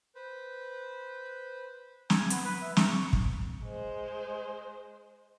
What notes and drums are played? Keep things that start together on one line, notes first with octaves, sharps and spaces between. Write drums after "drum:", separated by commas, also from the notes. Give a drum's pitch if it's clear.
B4 C5
G#5, drum: snare
B3, drum: hi-hat
B4
E5
A#5, drum: snare
C#6
drum: kick
G#3 C5